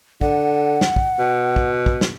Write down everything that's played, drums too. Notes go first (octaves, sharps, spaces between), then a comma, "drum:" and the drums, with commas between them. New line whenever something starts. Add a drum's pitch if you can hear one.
D3 F#5, drum: kick
drum: snare
drum: kick
B2
drum: kick
drum: kick
drum: snare